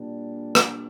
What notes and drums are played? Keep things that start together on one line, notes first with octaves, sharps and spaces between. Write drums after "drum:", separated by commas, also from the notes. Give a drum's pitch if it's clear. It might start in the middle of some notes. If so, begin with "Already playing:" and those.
Already playing: A#2 G3 D4
drum: rim click